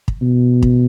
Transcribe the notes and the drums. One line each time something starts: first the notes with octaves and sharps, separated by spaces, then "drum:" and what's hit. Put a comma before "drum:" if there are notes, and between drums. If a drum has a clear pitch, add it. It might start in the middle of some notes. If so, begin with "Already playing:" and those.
drum: kick
B2
drum: kick